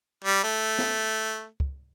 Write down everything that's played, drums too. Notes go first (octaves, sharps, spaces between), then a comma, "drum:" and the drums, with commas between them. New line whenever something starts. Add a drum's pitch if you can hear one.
G3
A3
drum: snare
drum: kick